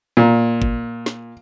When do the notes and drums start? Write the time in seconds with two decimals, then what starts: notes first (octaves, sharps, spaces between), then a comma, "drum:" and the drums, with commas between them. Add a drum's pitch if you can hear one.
0.17 A#2
0.62 drum: kick G#1
1.06 drum: snare